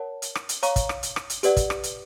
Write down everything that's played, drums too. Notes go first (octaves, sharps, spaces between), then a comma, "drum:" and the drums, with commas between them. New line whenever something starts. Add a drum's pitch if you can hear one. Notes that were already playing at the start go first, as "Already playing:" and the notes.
Already playing: A#4 C#5 F#5 A5
drum: hi-hat
drum: rim click
drum: hi-hat
C#5 F5 A#5 C#6, drum: hi-hat
drum: kick, hi-hat
drum: rim click
drum: hi-hat
drum: rim click
drum: hi-hat
G4 B4 D5 F#5, drum: hi-hat
drum: kick, hi-hat
drum: rim click
drum: hi-hat